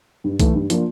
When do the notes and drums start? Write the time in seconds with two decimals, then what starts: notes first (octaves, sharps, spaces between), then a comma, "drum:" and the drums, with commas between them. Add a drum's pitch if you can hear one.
0.24 G2
0.40 E3 A3, drum: kick B1, hi-hat
0.55 G2
0.70 F3 A#3 D4 F4, drum: hi-hat